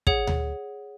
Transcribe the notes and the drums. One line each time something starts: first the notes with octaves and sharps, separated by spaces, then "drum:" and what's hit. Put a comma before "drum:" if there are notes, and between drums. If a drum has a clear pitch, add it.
G#4 C#5 F#5, drum: kick
drum: tom D2